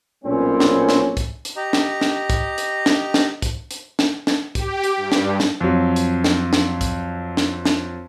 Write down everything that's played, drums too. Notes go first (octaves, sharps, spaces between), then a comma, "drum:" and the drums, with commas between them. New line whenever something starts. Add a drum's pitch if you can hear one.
B1 A#2 G3 C4 C#4
drum: snare
drum: snare
drum: kick, hi-hat
drum: hi-hat
G4 D#5 A#5
drum: snare
drum: snare
drum: kick, hi-hat
drum: hi-hat
drum: snare
drum: snare
drum: kick, hi-hat
drum: hi-hat
drum: snare
drum: snare
G4, drum: kick, hi-hat
drum: hi-hat
G2
drum: snare
drum: snare
F2 F#3
drum: hi-hat
drum: snare
drum: snare
drum: kick, hi-hat
drum: snare
drum: snare